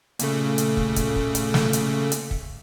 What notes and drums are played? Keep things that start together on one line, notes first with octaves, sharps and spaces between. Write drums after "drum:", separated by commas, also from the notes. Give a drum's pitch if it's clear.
A#2 C#3 A3, drum: hi-hat
drum: hi-hat
drum: kick
drum: kick, hi-hat
drum: kick
drum: hi-hat
drum: snare
drum: hi-hat
drum: hi-hat
drum: kick